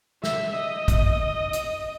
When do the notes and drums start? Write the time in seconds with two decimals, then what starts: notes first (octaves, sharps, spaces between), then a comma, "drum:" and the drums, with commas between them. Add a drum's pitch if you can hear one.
0.24 E5, drum: snare
0.55 D#5
0.88 drum: kick, hi-hat
1.53 drum: hi-hat